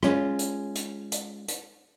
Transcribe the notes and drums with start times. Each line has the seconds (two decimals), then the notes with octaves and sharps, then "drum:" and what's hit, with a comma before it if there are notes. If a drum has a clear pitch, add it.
0.03 G#3 C#4 F4, drum: rim click
0.39 drum: hi-hat
0.75 drum: hi-hat
1.12 drum: hi-hat
1.48 drum: hi-hat